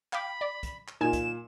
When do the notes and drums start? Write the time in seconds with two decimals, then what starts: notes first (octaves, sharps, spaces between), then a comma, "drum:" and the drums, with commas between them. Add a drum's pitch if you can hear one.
0.13 F5 G5 B5 D6, drum: clap
0.41 D5
0.63 drum: kick, hi-hat
0.88 drum: clap
1.01 A#2 D#4 F4 G#5 E7
1.13 drum: kick, hi-hat